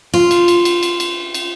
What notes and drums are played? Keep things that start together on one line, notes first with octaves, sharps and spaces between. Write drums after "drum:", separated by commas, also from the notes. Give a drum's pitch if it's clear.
F4
drum: cymbal
drum: cymbal
drum: cymbal
drum: cymbal
drum: cymbal
drum: cymbal